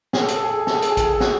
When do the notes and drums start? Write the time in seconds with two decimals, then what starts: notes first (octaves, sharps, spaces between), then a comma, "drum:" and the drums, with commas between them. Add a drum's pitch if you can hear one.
0.13 G#4, drum: snare
0.21 A4
0.28 G#4, drum: hi-hat
0.36 A4
0.44 G#4
0.51 A4
0.60 G#4
0.67 A4, drum: snare
0.75 G#4
0.82 A4, drum: hi-hat
0.91 G#4
0.97 A4, drum: kick A1, hi-hat
1.05 G#4
1.13 A4
1.20 F#4 G#4, drum: snare